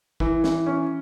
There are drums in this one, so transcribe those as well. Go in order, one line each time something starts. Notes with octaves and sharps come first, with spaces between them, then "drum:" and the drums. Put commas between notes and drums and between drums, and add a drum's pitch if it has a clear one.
E3, drum: kick
E3, drum: snare
C#4